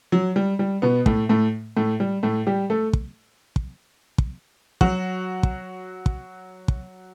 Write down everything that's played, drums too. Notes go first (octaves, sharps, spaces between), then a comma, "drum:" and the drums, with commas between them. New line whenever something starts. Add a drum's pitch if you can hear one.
F#3
G3
G3
B2 B3
A2 A3, drum: kick
A2 A3
A2 A3
G3
A2 A3
G3 G4
A3 A4
drum: kick
drum: kick
drum: kick
F#3 F#4, drum: kick
drum: kick
drum: kick
drum: kick